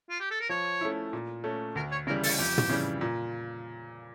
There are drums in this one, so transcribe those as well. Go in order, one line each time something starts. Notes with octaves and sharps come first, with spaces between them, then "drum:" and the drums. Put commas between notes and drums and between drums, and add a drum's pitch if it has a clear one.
F4
G4
A4
A#4
F3 C#5
A3 C#4 E4
A#2
A3 C#4
D2 A#4
C#5
C#3 E3 G3 A#4
A4, drum: open hi-hat
F2 G4
drum: tom
C#3 E3 G3
A#2